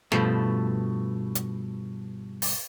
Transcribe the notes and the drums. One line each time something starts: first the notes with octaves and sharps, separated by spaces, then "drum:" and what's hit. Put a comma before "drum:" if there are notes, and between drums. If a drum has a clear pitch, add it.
G2 B2 F3 A3, drum: snare
drum: hi-hat
drum: open hi-hat